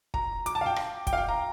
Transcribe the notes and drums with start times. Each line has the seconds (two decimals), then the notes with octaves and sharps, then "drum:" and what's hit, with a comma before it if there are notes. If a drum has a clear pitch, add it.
0.14 A#5, drum: kick
0.46 D6, drum: hi-hat
0.55 A5
0.61 F5
0.66 G5
0.76 drum: rim click
1.07 G5, drum: kick, hi-hat
1.13 F5
1.18 G5
1.29 A#5